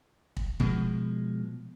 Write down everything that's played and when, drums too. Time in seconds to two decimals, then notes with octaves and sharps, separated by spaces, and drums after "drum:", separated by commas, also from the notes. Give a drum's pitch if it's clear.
0.37 drum: kick
0.60 B2 F3 G#3, drum: kick